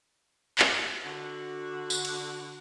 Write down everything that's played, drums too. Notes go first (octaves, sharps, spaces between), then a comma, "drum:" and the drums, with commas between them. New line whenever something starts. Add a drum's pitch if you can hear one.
drum: clap
D3 F#4
drum: tambourine
drum: cymbal